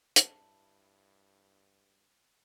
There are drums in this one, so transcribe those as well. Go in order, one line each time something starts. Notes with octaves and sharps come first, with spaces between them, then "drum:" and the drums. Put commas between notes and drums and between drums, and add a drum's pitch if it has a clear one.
G2 E4 A5, drum: hi-hat